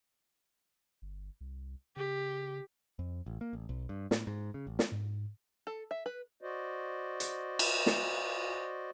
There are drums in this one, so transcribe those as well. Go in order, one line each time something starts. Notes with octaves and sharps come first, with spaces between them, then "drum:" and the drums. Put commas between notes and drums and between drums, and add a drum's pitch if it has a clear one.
G1
C2
C#3 G4
F2
A1
A#3
A1
B1
G2
A2, drum: snare
G#2
C#3
A1
drum: snare
G#2
A4
E5
B4
F#4 C5 D5 D#5
drum: hi-hat
drum: cymbal
drum: snare